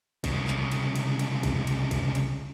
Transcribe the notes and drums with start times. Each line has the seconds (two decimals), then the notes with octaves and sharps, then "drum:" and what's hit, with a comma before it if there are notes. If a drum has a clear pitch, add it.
0.24 C2 C#3, drum: kick A#1, cymbal
0.48 drum: clap
0.72 drum: cymbal
0.95 drum: cymbal
1.19 drum: cymbal
1.43 drum: kick A#1, cymbal
1.67 drum: cymbal
1.91 drum: kick A#1, cymbal
2.15 drum: cymbal